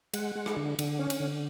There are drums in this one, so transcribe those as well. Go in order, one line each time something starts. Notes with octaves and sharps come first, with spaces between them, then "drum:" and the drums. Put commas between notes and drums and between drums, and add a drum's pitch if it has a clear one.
G#3 F#5, drum: cymbal
G#3
drum: rim click
D3
D3, drum: cymbal
C#4
drum: cymbal
D3